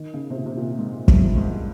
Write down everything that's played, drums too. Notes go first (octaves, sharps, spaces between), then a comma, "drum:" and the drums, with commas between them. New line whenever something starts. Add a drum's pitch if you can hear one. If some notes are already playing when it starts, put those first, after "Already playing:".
Already playing: D#3
C#3
C3
A#2
C3
A#2
G#2
G2, drum: kick
G#2